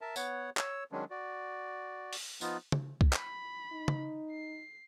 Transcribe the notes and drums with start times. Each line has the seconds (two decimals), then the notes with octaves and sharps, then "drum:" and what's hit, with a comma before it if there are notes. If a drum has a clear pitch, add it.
0.01 A#4 E5 A5
0.16 B3 C#5 F#5, drum: tambourine
0.57 C#5 E6, drum: clap
0.92 D#3 F#3 G#3 C#4 D4
1.10 F#4 D5
2.13 drum: open hi-hat
2.41 F3 B3 D#4 F4, drum: tambourine
2.72 drum: tom
3.01 drum: kick C2
3.13 B5, drum: clap
3.72 D#4
3.88 drum: tom
4.31 C7